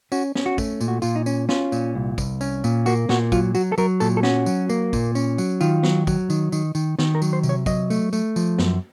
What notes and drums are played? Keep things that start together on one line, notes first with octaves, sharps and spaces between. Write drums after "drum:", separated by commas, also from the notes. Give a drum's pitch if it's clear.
C#4 F#4, drum: tambourine
C#4, drum: snare
F#4
A3, drum: kick, tambourine
A#2, drum: tambourine
F#4
A#2 F4, drum: tambourine
D#4
C#4, drum: tambourine
C#4 F4, drum: snare
A#2, drum: tambourine
C2
C2, drum: kick, tambourine
C#4, drum: tambourine
A#2, drum: tambourine
A#3 F#4, drum: tambourine
A#2 F#4, drum: snare
F#3 F4, drum: kick, tambourine
F#3 F#4, drum: tambourine
A4
F#3 A#4, drum: tambourine
A#2 A4, drum: tambourine
A4
C#4 F#4, drum: snare
F#3, drum: tambourine
A#3, drum: tambourine
A#2, drum: kick, tambourine
C#4, drum: tambourine
F#3, drum: tambourine
D#3 F4, drum: tambourine
F#3, drum: snare
F#3, drum: kick, tambourine
D#3, drum: tambourine
D#3, drum: tambourine
D#3, drum: tambourine
D#3, drum: snare
A#4
F#3, drum: tambourine
C5
C3, drum: tambourine
C#5
F#3 D#5, drum: kick, tambourine
A3, drum: tambourine
A3, drum: tambourine
F3, drum: tambourine
F#2, drum: snare